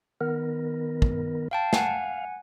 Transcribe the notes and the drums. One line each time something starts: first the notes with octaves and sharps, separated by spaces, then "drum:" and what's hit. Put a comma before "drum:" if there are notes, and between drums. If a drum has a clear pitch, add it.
D#3 B3 A#4
drum: kick
F5 G5 A5
F5 F#5 G#5, drum: snare